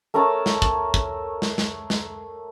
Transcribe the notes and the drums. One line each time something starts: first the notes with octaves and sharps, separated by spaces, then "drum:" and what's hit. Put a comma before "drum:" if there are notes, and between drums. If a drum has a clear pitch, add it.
A3 A#4 C#5 A5
drum: snare
drum: kick
drum: kick
drum: snare
drum: snare
drum: snare